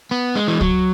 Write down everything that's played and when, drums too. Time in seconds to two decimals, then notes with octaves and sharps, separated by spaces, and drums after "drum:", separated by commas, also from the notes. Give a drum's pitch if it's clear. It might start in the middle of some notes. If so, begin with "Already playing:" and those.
0.11 B3
0.36 G#3
0.48 E3
0.61 F#3, drum: kick C#2